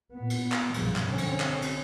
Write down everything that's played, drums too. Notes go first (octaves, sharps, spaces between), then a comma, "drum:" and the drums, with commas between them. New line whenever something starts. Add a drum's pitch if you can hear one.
A#2 B3
drum: cymbal
drum: clap
B1 G2 C#3 F3, drum: cymbal
drum: clap
D3 C4 C#4
drum: cymbal
drum: clap
drum: cymbal